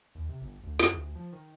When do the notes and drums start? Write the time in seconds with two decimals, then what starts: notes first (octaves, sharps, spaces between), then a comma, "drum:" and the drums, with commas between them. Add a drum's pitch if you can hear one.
0.15 D#2
0.29 C3
0.42 G1
0.63 D2
0.80 F#2, drum: snare
0.93 D2
1.15 F3
1.32 D#3